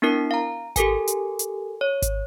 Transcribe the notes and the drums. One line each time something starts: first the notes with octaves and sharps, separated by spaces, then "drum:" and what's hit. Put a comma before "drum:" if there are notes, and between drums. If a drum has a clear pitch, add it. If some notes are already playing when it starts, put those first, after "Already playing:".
B3 D4 E4 A#4 C7
F5 A#5
G4 A4 A#4 G#5, drum: kick G#1, hi-hat
drum: hi-hat
drum: hi-hat
C#5
drum: kick G#1, hi-hat